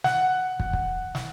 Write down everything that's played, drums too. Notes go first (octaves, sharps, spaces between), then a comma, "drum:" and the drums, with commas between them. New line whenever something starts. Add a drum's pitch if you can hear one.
F#5, drum: snare
drum: kick
drum: kick
drum: snare